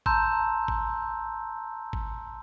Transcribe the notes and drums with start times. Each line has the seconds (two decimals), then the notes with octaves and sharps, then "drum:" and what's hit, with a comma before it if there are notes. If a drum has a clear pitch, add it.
0.06 A5 A#5 C6 E6 G6, drum: kick G#1
0.68 drum: kick G#1
1.93 drum: kick G#1